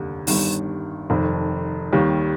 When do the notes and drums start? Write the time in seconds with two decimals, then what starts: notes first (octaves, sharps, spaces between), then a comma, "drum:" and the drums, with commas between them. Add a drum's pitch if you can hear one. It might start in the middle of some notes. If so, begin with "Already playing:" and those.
Already playing: F1 D#2 D3 G3
0.27 G1 G2 D#3, drum: open hi-hat
1.10 F1 F2 D#3
1.93 D#2 D#3 G3